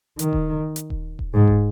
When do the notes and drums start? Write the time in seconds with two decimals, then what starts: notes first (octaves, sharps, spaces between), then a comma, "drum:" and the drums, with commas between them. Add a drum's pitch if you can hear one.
0.19 D#3, drum: hi-hat
0.33 drum: kick D#1
0.76 drum: hi-hat
0.90 drum: kick D#1
1.19 drum: kick D#1
1.34 G#2
1.48 drum: kick D#1